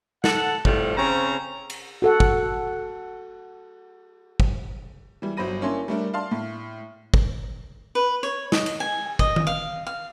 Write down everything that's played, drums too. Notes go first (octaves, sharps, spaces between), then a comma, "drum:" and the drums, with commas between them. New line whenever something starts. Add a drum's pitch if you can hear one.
A4 F#5, drum: snare
A2 F3 G3 A3 C4, drum: kick
C#3 C4 C#4 C5 A#5
drum: cymbal
F#4 A4 F#5
drum: kick
drum: kick
E3 G3
G1 F#3 C5 B5 A#6 D#7
A#3 C#4 D4 E4 C6
G3 A3 D4 A#4
D5 F5 A5 C6 F6
A2
drum: kick
B4
C#5
D#5, drum: snare
drum: cymbal
G#5
D#5, drum: kick
drum: tom D#3
F5
F5